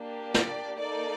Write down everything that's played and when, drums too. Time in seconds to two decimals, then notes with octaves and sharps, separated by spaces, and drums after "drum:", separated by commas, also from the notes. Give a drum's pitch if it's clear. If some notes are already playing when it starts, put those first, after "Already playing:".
Already playing: A#3 D4 G4
0.34 D5, drum: snare
0.79 A#3 D#4 A4 D5